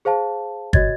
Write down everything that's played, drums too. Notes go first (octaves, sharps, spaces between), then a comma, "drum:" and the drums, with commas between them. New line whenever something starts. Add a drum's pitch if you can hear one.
G#4 C5 F5 A5
F#4 C#5 D#5 G#6 A6, drum: kick G1